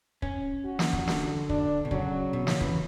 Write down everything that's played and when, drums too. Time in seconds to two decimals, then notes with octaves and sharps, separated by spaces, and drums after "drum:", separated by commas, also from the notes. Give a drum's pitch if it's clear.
0.22 C#4, drum: kick
0.65 F#4
0.79 drum: snare
0.93 drum: kick
1.08 D3, drum: snare
1.50 D4, drum: kick
1.85 B2
1.91 C#3 F#3, drum: kick
2.33 B2
2.47 C#3, drum: snare
2.61 E3, drum: kick